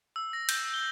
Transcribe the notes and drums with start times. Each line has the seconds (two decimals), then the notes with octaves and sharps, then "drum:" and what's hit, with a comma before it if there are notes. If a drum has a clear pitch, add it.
0.16 E6
0.33 A#6
0.49 G6, drum: cymbal
0.74 G7